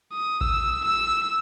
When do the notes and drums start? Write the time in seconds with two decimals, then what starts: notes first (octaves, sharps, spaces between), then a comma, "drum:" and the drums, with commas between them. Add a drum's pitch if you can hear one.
0.12 D#6
0.41 E6, drum: kick A1
0.84 E6